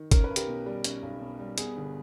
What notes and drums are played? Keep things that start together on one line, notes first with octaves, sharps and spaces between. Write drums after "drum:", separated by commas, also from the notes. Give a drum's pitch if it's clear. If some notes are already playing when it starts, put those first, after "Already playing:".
Already playing: D#3
C#4 A#4, drum: kick, hi-hat
B4
B1
G4 A#4, drum: hi-hat
B2
G3
C#4, drum: hi-hat
B1
B2
G3
B3 G#4, drum: hi-hat
G1